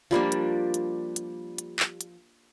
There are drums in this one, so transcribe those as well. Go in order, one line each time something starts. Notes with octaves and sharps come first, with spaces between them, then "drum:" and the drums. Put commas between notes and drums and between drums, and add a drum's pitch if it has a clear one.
F3 G3 A#3 D4
drum: hi-hat
drum: hi-hat
drum: hi-hat
drum: hi-hat
drum: clap
drum: hi-hat